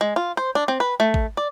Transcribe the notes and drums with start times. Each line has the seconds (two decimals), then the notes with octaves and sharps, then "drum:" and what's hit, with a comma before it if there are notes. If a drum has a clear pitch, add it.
0.01 G#3
0.16 F4
0.37 C5
0.55 D4
0.68 C4
0.80 B4
1.00 A3
1.14 drum: kick
1.37 D5